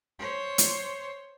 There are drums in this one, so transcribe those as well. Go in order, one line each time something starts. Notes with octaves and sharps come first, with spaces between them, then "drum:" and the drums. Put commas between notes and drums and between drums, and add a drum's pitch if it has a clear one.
C5 C#5
drum: hi-hat